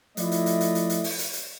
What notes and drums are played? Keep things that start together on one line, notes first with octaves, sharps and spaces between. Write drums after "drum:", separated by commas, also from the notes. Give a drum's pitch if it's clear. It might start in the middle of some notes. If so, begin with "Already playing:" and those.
F3 A3 E4 D5 D#5, drum: hi-hat
drum: hi-hat
drum: hi-hat
drum: hi-hat
drum: hi-hat
drum: hi-hat
drum: open hi-hat
drum: hi-hat
drum: hi-hat